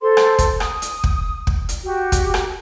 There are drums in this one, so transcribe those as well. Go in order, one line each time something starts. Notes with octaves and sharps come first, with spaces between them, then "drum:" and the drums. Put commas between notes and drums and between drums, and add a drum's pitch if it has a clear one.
A4 C5 C6
drum: rim click
drum: kick, hi-hat
D#6, drum: rim click
drum: hi-hat
drum: kick
drum: kick
drum: hi-hat
F#4 G4
drum: kick, hi-hat
drum: rim click